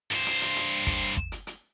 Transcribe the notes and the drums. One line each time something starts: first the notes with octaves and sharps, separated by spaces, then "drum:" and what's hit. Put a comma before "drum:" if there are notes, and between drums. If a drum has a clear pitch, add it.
G2 C5, drum: hi-hat
drum: hi-hat
drum: hi-hat
drum: hi-hat
drum: kick, hi-hat
drum: kick
drum: hi-hat
drum: hi-hat